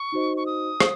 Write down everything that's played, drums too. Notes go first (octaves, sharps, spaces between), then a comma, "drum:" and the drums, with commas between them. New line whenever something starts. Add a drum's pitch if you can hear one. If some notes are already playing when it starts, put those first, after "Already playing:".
Already playing: C#6
D#4 F#4 C5 D#5
C#6
D#6
drum: rim click